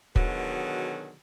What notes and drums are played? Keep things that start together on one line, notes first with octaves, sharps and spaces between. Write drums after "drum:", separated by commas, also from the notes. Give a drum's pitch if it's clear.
B2 D3 D#3 F#3 F#4 G#4, drum: kick